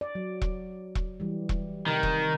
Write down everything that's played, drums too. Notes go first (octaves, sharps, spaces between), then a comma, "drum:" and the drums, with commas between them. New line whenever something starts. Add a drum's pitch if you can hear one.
D5
F#3
drum: kick E1
drum: kick E1
E3 G3
drum: kick E1
C3 D#3
drum: kick E1